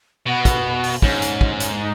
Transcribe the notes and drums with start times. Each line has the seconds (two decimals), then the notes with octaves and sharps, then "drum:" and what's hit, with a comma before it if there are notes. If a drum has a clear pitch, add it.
0.26 B2 B3
0.45 drum: kick, hi-hat
0.84 drum: open hi-hat
1.02 G#2 C#4, drum: kick
1.22 drum: hi-hat
1.41 drum: kick
1.60 drum: hi-hat
1.79 D#4